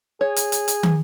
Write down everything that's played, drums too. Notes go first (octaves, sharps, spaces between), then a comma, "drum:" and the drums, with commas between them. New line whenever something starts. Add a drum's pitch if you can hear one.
G#4 C#5
drum: hi-hat
drum: hi-hat
drum: hi-hat
drum: tom